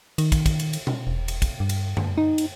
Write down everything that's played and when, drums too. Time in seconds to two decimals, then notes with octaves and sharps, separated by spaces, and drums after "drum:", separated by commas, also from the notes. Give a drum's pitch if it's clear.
0.18 D#3, drum: cymbal
0.32 drum: kick, cymbal
0.46 drum: kick, cymbal
0.59 drum: cymbal
0.73 drum: cymbal
0.87 drum: tom B2
1.07 E1
1.28 drum: cymbal
1.42 drum: kick, cymbal
1.60 G2
1.69 drum: cymbal
1.97 drum: tom F#2
2.18 D#4
2.38 drum: cymbal